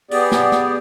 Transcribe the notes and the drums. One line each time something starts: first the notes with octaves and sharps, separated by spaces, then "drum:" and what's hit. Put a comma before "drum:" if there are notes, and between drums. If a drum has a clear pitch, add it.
B3 G4 G#4 D5, drum: open hi-hat
drum: snare
drum: snare